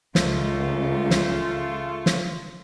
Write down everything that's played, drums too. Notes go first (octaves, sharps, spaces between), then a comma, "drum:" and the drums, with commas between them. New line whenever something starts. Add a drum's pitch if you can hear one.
C#2 C#3 A3 F4, drum: snare
drum: snare
drum: snare